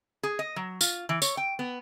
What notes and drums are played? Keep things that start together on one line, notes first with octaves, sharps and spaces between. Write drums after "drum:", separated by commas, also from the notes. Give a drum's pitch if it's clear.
G#4
D#5
F#3
F4, drum: tambourine
E3
C#5, drum: tambourine
G5
B3